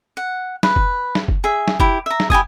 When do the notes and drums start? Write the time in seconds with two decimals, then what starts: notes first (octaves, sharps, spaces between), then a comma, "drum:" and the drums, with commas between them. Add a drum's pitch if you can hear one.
0.17 F#5
0.63 B4, drum: snare
0.76 drum: kick
1.15 drum: snare
1.28 drum: kick
1.44 G#4 E5
1.68 drum: snare
1.80 E4 G4, drum: kick
2.06 E5 A#5
2.20 drum: snare
2.30 E4 G4 G#5 D#6, drum: kick